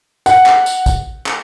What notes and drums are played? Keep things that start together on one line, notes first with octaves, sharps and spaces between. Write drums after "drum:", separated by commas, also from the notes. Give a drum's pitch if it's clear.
F#5, drum: tambourine
drum: clap
drum: tambourine
drum: kick, tambourine
drum: clap